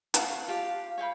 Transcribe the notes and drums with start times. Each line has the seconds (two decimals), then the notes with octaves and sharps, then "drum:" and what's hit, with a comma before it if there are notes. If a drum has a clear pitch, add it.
0.14 F5 F#5 A5, drum: hi-hat
0.48 F4 G4 F5
0.98 C#5 F5 G5 B5